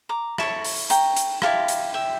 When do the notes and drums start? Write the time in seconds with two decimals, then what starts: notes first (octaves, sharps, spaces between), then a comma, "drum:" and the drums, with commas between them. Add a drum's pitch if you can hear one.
0.09 A#5 D6
0.38 E4 A4 C#5 A5 C#6, drum: rim click
0.65 drum: open hi-hat
0.90 G5 A#5, drum: hi-hat
1.16 drum: hi-hat
1.42 E4 G4 A#4 F5 A5, drum: rim click
1.68 drum: hi-hat
1.94 E5 G5